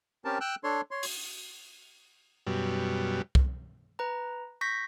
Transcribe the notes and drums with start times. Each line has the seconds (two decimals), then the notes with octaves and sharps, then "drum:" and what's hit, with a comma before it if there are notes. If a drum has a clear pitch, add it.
0.25 C4 C#4 G4 A#4 A5
0.41 G5 E6 F#6
0.64 D4 A4 C#5 C6
0.91 C#5 C6
1.03 drum: open hi-hat
2.47 F#2 B2 G3
3.35 drum: kick C2
3.99 B4 A#5
4.61 C#6 G6 A#6 B6